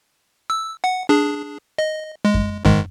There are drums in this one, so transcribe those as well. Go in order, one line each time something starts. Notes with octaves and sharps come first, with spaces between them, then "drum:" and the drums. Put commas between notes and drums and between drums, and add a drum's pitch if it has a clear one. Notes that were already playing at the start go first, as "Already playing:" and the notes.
E6
F#5
D4 G#4
D#5
G#3
drum: kick F#2
G#2 D#3 G#3, drum: kick F#2